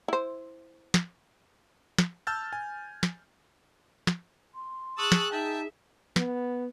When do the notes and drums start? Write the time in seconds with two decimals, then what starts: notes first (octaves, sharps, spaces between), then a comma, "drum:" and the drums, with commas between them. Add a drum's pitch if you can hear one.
0.08 E4 C5
0.94 drum: snare
1.98 drum: snare
2.27 A5 E6 F6 G6 A6
2.53 G#5
3.03 drum: snare
4.07 drum: snare
4.55 C6
4.98 G#4 A5 C#6 D#6 E6 F#6
5.12 drum: snare
5.32 D#4 E5 G5 A5
6.16 B3, drum: snare